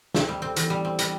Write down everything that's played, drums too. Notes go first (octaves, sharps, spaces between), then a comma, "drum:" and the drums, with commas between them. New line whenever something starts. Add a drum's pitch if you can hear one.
C4, drum: snare
G3
C4
E2, drum: hi-hat
G3
C4
G3, drum: hi-hat